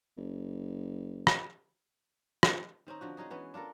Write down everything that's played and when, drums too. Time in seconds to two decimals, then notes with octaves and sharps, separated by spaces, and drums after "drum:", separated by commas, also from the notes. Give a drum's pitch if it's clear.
0.17 F#1
1.27 drum: rim click
2.43 drum: rim click
2.87 D#3 C4 C#4 D#4
3.01 D3 F3 F#4
3.17 G#3 C#4 D#4 G#4
3.30 E3 B3 C#4
3.54 D4 F4 A4 A#4